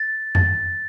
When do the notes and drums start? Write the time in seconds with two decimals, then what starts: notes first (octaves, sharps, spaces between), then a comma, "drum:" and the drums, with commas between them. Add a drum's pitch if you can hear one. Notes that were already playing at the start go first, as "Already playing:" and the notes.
Already playing: A6
0.35 A6, drum: tom F2